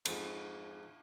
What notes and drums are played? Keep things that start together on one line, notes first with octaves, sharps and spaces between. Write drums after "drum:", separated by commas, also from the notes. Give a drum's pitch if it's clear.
F2 G#2, drum: cymbal